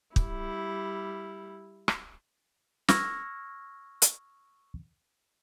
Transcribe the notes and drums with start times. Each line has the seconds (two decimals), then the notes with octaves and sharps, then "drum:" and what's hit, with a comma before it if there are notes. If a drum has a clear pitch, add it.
0.16 G3 E4, drum: kick
1.88 drum: rim click
2.88 C#6 E6 F6 G#6 A#6, drum: snare
4.02 drum: hi-hat